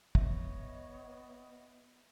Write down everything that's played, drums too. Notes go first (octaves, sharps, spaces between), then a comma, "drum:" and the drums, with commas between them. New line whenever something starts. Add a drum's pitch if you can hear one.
B3 C#5 D#5 E5, drum: kick